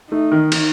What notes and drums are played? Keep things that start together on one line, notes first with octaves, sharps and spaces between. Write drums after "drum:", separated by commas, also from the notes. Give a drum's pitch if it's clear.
A3 D#4
D#3
D#3, drum: cymbal